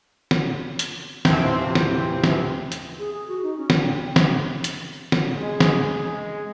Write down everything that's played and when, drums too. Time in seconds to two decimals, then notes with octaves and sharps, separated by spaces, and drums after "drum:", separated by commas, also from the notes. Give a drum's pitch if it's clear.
0.31 drum: snare
0.79 drum: hi-hat
1.25 D#2 A2 C3 E3 F3 C4, drum: snare
1.75 drum: snare
2.24 drum: snare
2.72 drum: hi-hat
2.99 G#4
3.13 G#4
3.28 F#4
3.43 D#4
3.58 C#4
3.70 D4, drum: snare
3.83 G5
4.16 drum: snare
4.64 drum: hi-hat
5.12 drum: snare
5.36 G#3 G#4
5.60 drum: snare
5.80 G#4
6.13 G#3